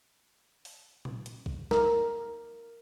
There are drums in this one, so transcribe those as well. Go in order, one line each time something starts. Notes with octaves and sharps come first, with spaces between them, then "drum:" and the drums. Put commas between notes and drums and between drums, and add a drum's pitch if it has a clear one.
drum: open hi-hat
drum: tom A#2
drum: hi-hat
drum: kick B1
A#4, drum: snare